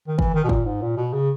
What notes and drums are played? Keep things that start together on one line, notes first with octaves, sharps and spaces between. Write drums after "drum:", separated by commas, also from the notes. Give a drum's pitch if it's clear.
D#3
E3, drum: kick
D#3
B2
A#2, drum: kick
G#2
A#2
B2
C#3